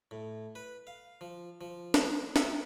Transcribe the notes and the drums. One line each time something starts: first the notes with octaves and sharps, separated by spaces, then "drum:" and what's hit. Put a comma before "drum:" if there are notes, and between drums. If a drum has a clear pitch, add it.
A2
B4
F5
F3
F3
drum: snare
C5
E5, drum: snare